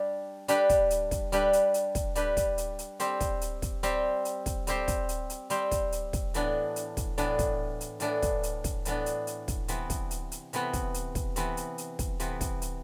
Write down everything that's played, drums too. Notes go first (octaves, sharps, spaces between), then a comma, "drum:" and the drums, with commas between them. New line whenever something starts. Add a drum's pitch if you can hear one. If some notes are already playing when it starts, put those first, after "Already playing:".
Already playing: G3 D4 G4
G3 D4 G4 B4, drum: hi-hat
drum: kick, hi-hat
drum: hi-hat
drum: kick, hi-hat
G3 D4 G4 B4, drum: hi-hat
drum: hi-hat
drum: hi-hat
drum: kick, hi-hat
G3 D4 G4 B4, drum: hi-hat
drum: kick, hi-hat
drum: hi-hat
drum: hi-hat
G3 C4 G4 C5, drum: hi-hat
drum: kick, hi-hat
drum: hi-hat
drum: kick, hi-hat
G3 C4 G4 C5, drum: hi-hat
drum: hi-hat
drum: kick, hi-hat
G3 C4 G4 C5, drum: hi-hat
drum: kick, hi-hat
drum: hi-hat
drum: hi-hat
G3 C4 G4 C5, drum: hi-hat
drum: kick, hi-hat
drum: hi-hat
drum: kick, hi-hat
A2 E3 B3 D4, drum: hi-hat
drum: hi-hat
drum: kick, hi-hat
A2 E3 B3 D4, drum: hi-hat
drum: kick, hi-hat
drum: hi-hat
A2 E3 B3 D4, drum: hi-hat
drum: kick, hi-hat
drum: hi-hat
drum: kick, hi-hat
A2 E3 B3 D4, drum: hi-hat
drum: hi-hat
drum: hi-hat
drum: kick, hi-hat
C3 E3 B3, drum: hi-hat
drum: kick, hi-hat
drum: hi-hat
drum: hi-hat
C3 E3 B3, drum: hi-hat
drum: kick, hi-hat
drum: hi-hat
drum: kick, hi-hat
C3 E3 B3, drum: hi-hat
drum: hi-hat
drum: hi-hat
drum: kick, hi-hat
C3 E3 B3, drum: hi-hat
drum: kick, hi-hat
drum: hi-hat